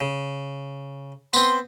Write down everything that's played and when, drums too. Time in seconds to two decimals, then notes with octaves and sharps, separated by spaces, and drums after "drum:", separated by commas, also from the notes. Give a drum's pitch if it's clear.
0.01 C#3
1.33 B3 C4 C6, drum: tambourine